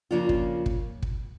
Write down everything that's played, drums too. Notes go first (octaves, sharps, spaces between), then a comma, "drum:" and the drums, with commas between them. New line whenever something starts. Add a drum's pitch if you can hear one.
C#3 F3 A#3 D4 F4
drum: kick
drum: kick
drum: kick